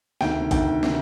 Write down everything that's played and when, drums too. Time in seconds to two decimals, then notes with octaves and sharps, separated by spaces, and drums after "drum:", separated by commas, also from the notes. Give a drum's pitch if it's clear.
0.21 D2 C3 D#3 G5, drum: snare
0.51 D2 C3 D#3 G5, drum: kick, hi-hat
0.83 C3 D#3, drum: snare